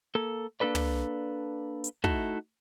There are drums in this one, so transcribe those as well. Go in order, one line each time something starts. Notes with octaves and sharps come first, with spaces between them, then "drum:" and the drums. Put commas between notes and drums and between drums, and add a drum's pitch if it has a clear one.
A#3 A4
A#3 D4 A4 B4 D5
drum: tom
drum: hi-hat
A3 D#4 E4 F#4 A5, drum: kick